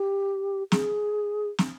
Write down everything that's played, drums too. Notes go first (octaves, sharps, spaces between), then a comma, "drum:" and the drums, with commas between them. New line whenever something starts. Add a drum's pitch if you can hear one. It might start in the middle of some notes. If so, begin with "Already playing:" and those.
Already playing: G4
G#4, drum: snare
drum: snare